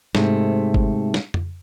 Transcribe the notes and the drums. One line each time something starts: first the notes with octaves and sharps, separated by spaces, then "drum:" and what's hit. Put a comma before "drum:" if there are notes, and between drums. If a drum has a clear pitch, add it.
G#2 C3 A3, drum: snare
drum: kick G1
drum: snare
drum: tom F2